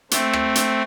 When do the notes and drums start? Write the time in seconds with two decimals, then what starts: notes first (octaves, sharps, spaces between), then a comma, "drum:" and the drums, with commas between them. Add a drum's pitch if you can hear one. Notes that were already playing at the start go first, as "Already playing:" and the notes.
0.11 A3 C4, drum: hi-hat
0.33 drum: rim click
0.55 drum: hi-hat